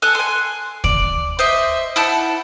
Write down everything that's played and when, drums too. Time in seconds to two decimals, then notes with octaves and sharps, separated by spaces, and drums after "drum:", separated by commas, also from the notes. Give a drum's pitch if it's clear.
0.02 A4 G#5 F#6
0.15 G#5 C6
0.84 D5, drum: kick
1.39 C5 D#5 E5
1.96 E4 F#5 A5 G6